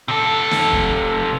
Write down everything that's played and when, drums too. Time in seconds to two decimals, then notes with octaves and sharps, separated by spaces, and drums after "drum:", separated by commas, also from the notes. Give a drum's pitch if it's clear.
0.08 C3 A4
0.51 drum: snare
0.73 drum: kick